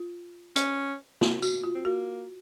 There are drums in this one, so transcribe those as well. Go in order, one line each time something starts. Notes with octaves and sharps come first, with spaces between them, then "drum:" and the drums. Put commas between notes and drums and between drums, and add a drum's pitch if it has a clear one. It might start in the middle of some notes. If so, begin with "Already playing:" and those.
Already playing: F4
C#4, drum: hi-hat
F#4, drum: snare
F#4, drum: tambourine
F4
C4
A#3 F#4